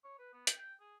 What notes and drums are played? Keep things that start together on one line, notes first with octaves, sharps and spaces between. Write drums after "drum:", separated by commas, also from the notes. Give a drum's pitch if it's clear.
C#5
B4
B3
G5, drum: hi-hat
G5
G#4